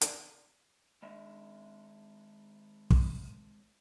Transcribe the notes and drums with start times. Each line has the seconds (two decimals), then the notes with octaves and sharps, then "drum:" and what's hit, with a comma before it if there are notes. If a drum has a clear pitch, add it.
0.01 D4 G#4 D5, drum: hi-hat
1.02 D#3 G#3 E5
2.90 drum: kick